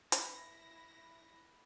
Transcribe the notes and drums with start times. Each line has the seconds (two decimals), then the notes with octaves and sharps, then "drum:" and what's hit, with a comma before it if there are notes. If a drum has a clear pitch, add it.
0.12 E4 B4 A#6, drum: hi-hat